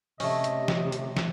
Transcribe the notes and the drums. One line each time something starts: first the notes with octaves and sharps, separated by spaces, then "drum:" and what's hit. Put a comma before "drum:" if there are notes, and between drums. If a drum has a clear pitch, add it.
C3 A3 C#4 D#5, drum: open hi-hat
drum: hi-hat
drum: snare
drum: hi-hat
drum: snare